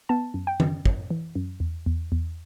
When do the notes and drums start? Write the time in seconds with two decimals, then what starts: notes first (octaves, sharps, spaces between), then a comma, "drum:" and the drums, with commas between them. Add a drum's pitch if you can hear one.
0.09 B3 A5
0.34 F#2
0.47 G5
0.60 F#2, drum: tom D#3
0.86 F#2, drum: kick
1.10 E3
1.35 F#2
1.60 E2
1.86 E2
2.12 E2